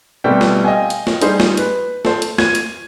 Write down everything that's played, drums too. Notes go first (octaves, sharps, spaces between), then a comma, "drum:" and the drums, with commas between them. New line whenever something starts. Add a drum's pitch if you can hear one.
B2 G3 A3 C4 G4 G5
drum: snare
D#5 F5 G5 G#5
drum: hi-hat
drum: snare
G3 D#4 G#4 C5, drum: hi-hat
drum: snare
B4, drum: hi-hat
A4 C5, drum: snare
drum: hi-hat
G#6 D#7, drum: snare
drum: hi-hat